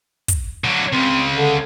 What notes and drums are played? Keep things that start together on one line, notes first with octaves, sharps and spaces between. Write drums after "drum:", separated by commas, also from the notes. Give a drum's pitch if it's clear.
drum: kick, hi-hat
D3 F#3
C#2 C#3 C4
D3